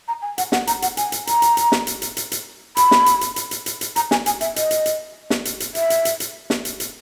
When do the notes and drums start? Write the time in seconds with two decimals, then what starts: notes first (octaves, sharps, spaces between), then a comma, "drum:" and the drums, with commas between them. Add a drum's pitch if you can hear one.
0.08 A#5
0.22 G#5
0.38 F#5, drum: hi-hat
0.52 F#5, drum: snare
0.67 A#5, drum: hi-hat
0.82 F#5, drum: hi-hat
0.97 G#5, drum: hi-hat
1.12 drum: hi-hat
1.27 A#5, drum: hi-hat
1.42 drum: hi-hat
1.57 drum: hi-hat
1.72 drum: snare
1.87 drum: hi-hat
2.02 drum: hi-hat
2.17 drum: hi-hat
2.32 drum: hi-hat
2.77 B5, drum: hi-hat
2.91 drum: snare
3.06 drum: hi-hat
3.21 drum: hi-hat
3.36 drum: hi-hat
3.51 drum: hi-hat
3.66 drum: hi-hat
3.81 drum: hi-hat
3.96 A#5, drum: hi-hat
4.11 G#5, drum: snare
4.26 G#5, drum: hi-hat
4.41 E5, drum: hi-hat
4.56 D#5, drum: hi-hat
4.71 drum: hi-hat
4.86 drum: hi-hat
5.30 drum: snare
5.45 drum: hi-hat
5.60 drum: hi-hat
5.75 E5, drum: hi-hat
5.90 drum: hi-hat
6.05 drum: hi-hat
6.20 drum: hi-hat
6.50 drum: snare
6.65 drum: hi-hat
6.80 drum: hi-hat